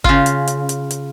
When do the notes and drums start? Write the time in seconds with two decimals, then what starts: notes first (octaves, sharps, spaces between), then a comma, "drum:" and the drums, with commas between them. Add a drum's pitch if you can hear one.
0.04 C#3 F4, drum: kick G1
0.26 drum: hi-hat
0.47 drum: hi-hat
0.69 drum: hi-hat
0.91 drum: hi-hat